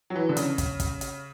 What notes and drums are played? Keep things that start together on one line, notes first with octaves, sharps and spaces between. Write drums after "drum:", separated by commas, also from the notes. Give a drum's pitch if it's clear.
F#3
E3
D3
C#3, drum: hi-hat
drum: kick, hi-hat
drum: kick, hi-hat
drum: hi-hat